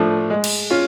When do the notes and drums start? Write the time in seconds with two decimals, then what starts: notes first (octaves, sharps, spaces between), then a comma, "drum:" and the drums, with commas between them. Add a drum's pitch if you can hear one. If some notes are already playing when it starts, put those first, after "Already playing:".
Already playing: A2 F3 A3 D4
0.30 G#3
0.44 drum: cymbal
0.70 C#4 F4